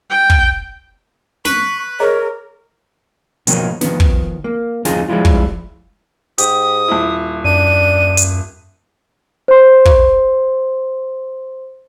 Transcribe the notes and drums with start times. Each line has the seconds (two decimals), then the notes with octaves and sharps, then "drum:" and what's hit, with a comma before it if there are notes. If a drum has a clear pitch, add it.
0.10 G5
0.30 drum: kick
1.45 B4 C#6, drum: snare
2.00 G#4 A#4 C#5 D#5 A#5
3.47 B2 D#3 F3 F#3 A#3 D#4, drum: hi-hat
3.81 D#3 F3 B3, drum: snare
4.00 drum: kick
4.44 A#3
4.85 D#2 F3 D#4 F4 G#4, drum: snare
5.09 F3 G3 G#3 E4 F4
5.25 drum: kick
6.38 G#2 G4 D#6, drum: hi-hat
6.88 D#1 E4
7.45 F#2 D4 D#7
8.17 drum: hi-hat
9.48 C5 C6
9.85 drum: kick